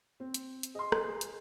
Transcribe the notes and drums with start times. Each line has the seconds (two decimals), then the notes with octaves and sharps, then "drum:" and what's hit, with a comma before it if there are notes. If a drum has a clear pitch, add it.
0.20 C4
0.34 drum: hi-hat
0.63 drum: hi-hat
0.75 G#4 D#5 C6
0.92 drum: rim click
1.21 drum: hi-hat